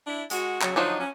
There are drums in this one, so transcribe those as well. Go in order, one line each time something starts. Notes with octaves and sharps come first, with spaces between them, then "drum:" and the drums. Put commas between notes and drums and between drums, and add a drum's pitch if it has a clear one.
D4 E4
G#3 F#4, drum: hi-hat
C#3 F#3, drum: clap
D3 F3 F#3 D4 D#4
C#4